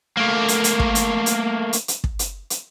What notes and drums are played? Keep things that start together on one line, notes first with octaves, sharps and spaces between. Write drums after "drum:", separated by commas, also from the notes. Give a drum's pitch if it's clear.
A3 A#3
drum: hi-hat
drum: hi-hat
drum: kick
drum: hi-hat
drum: hi-hat
drum: hi-hat
drum: hi-hat
drum: kick
drum: hi-hat
drum: hi-hat